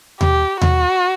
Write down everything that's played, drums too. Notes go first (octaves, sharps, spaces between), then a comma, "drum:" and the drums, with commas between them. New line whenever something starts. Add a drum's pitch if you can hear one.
G4, drum: tom D#2
F#4, drum: tom D#2